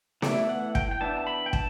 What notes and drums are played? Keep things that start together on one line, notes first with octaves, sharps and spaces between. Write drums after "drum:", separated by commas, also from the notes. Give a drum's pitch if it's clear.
E3 A3 E4 D5, drum: snare B3
F#5
G5, drum: kick
G5
E3 B3 D4 A5
A5
B5
G5
A5, drum: kick